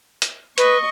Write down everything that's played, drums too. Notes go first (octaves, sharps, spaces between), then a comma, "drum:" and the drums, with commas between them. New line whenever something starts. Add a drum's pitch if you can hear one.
drum: hi-hat
B4 D#5 C#6, drum: hi-hat